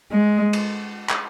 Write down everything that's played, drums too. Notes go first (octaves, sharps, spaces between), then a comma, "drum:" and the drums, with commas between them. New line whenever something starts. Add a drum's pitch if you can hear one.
G#3
drum: cymbal
drum: clap